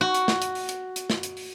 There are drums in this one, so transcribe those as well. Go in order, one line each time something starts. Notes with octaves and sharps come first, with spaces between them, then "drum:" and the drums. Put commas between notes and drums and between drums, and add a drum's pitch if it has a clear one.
F#4
drum: hi-hat
drum: snare
drum: hi-hat
drum: open hi-hat
drum: hi-hat
drum: hi-hat
drum: snare
drum: hi-hat
drum: open hi-hat